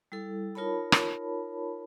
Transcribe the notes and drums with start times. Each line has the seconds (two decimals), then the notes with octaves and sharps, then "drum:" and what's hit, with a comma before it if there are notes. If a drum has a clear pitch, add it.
0.12 G3 E4 A4
0.55 D#4 F4 A#4 C#5 A5 B5
0.92 drum: rim click